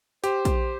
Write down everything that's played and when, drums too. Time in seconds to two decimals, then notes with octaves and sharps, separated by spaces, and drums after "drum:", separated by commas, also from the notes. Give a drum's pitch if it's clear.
0.24 G4 C5, drum: hi-hat
0.45 drum: kick A#1, hi-hat